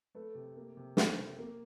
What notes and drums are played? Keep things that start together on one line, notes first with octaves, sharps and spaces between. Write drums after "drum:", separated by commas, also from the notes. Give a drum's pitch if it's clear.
A3 A4 B4
C3
A#3
C3
A3 A#4 C5, drum: snare
C3
A#3